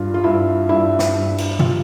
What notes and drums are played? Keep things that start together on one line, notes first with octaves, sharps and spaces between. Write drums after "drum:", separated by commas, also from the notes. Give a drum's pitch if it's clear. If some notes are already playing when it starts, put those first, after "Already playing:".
Already playing: G2 F4
F4
G2 E4
G2 E4
drum: snare
G2
drum: cymbal
F4, drum: tom B2